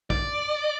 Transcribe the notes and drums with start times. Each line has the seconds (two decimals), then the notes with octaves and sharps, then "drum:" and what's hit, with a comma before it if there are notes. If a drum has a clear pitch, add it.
0.10 D5, drum: kick